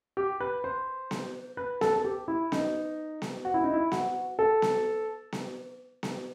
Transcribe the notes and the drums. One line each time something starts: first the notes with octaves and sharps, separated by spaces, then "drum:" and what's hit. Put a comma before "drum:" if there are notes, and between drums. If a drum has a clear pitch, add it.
G4
B4
C5
drum: snare B3
B4
A4, drum: snare B3
A4
G4
E4
D#4, drum: snare B3
drum: snare B3
F#4
E4
D#4
E4
F#4, drum: snare B3
A4
drum: snare B3
drum: snare B3
drum: snare B3